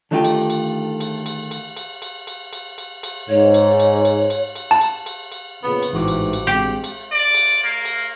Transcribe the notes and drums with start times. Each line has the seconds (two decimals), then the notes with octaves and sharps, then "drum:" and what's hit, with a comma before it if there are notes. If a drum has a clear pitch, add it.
0.11 D3 D#3 A3 D#4 F4 G4
0.24 drum: cymbal
0.50 drum: cymbal
1.00 drum: cymbal
1.26 drum: cymbal
1.51 drum: cymbal
1.77 drum: cymbal
2.02 drum: cymbal
2.27 drum: cymbal
2.53 drum: cymbal
2.78 drum: cymbal
3.03 drum: cymbal
3.29 G#2 C#5
3.54 drum: cymbal
3.79 drum: cymbal
4.05 drum: cymbal
4.30 drum: cymbal
4.56 drum: cymbal
4.71 A5
4.81 drum: cymbal
5.06 drum: cymbal
5.32 drum: cymbal
5.63 F2 A#2 C#3 B3
5.82 drum: cymbal
5.93 A1 G#2 C3 E3 F#4 D6
6.08 drum: cymbal
6.33 drum: cymbal
6.47 G2 G#3 C4 G4
6.84 drum: cymbal
7.12 D5
7.35 drum: cymbal
7.64 A#3
7.85 drum: cymbal